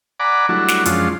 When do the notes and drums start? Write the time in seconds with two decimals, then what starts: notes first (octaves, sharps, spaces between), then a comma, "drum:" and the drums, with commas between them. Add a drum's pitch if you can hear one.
0.20 D5 F#5 G#5 A#5 B5 D6
0.49 F#3 G3 A3 D4 E4 F#4
0.68 drum: snare
0.85 F#2 F3 G#3 C#4 D4 F4, drum: hi-hat